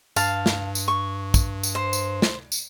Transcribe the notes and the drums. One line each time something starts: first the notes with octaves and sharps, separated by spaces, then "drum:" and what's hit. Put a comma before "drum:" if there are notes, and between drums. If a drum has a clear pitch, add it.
G2 F5 A5, drum: tambourine
drum: snare
drum: tambourine
C#6
drum: kick, tambourine
drum: tambourine
C5
drum: tambourine
drum: snare
drum: tambourine